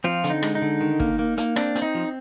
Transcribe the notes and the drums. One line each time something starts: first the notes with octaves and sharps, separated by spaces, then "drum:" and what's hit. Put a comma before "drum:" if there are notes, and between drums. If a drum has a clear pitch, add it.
F3 C4 F4
D3, drum: hi-hat
D#4
G#3, drum: rim click
D#4
D3
D#3
A#3, drum: kick
A#3
A#3, drum: hi-hat
C4 D4, drum: rim click
C4, drum: hi-hat
D#4
F3